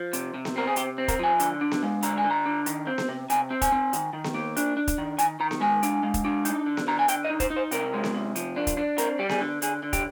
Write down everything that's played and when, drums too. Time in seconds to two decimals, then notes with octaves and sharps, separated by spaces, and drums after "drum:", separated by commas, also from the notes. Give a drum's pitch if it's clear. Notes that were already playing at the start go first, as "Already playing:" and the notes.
Already playing: F3
0.13 C3, drum: hi-hat
0.34 C3
0.45 drum: snare B3
0.56 C4 A#4
0.67 G#4
0.76 C3 G4, drum: hi-hat
0.98 C4
1.08 A#4, drum: kick, hi-hat
1.19 F3 G#5
1.40 D3, drum: hi-hat
1.61 D4
1.71 drum: snare B3
1.83 G#3
2.03 D3 A#5, drum: hi-hat
2.18 G#5
2.24 D3
2.31 A#5
2.46 D4
2.66 D#3, drum: hi-hat
2.87 C4
2.98 drum: snare B3
3.09 C3
3.30 C3 G#5, drum: hi-hat
3.50 C4
3.62 G#5, drum: kick, hi-hat
3.72 C4
3.93 D#3, drum: hi-hat
4.13 D#3
4.24 drum: snare B3
4.34 A#3
4.57 D4, drum: hi-hat
4.77 D4
4.88 drum: kick, hi-hat
4.98 D#3
5.19 D#3 G#5, drum: hi-hat
5.40 D#3 A#5
5.51 drum: snare B3
5.60 G#3 G#5
5.83 D4, drum: hi-hat
6.03 G#3
6.14 drum: kick, hi-hat
6.25 D4
6.45 D#4, drum: hi-hat
6.66 D3
6.77 drum: snare B3
6.87 D3 A#5
6.99 G#5
7.08 D3 G5, drum: hi-hat
7.25 D#5
7.30 D#4
7.40 C5, drum: kick, hi-hat
7.50 D#4
7.56 C5
7.71 C3 A#4, drum: hi-hat
7.94 G#3
8.04 drum: snare B3
8.15 C3
8.36 F3, drum: hi-hat
8.56 D4
8.67 drum: kick, hi-hat
8.77 D4
8.98 C4 A#4, drum: hi-hat
9.19 G3 G4
9.29 G#4, drum: snare B3
9.40 D3
9.62 D3 G#4, drum: hi-hat
9.83 D3
9.93 G4, drum: kick, hi-hat